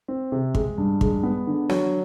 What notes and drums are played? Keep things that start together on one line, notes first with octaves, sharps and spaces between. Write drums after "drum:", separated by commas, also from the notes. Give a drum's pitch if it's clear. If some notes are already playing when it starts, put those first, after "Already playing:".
C4
C3
G#3, drum: kick
G2
G#3, drum: kick
B3
D3
F#3, drum: snare